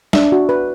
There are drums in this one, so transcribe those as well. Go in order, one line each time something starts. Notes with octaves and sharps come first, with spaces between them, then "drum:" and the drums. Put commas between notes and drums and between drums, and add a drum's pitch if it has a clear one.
D4 E5, drum: snare
F#4
B4